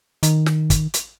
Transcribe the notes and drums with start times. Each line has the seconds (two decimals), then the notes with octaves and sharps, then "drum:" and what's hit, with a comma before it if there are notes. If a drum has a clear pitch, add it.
0.23 D#3, drum: hi-hat
0.46 drum: snare
0.70 drum: kick, hi-hat
0.94 drum: hi-hat